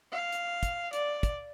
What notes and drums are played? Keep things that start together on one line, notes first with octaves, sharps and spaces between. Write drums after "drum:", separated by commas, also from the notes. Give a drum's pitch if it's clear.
F5
drum: hi-hat
drum: kick, hi-hat
D5, drum: hi-hat
drum: kick, hi-hat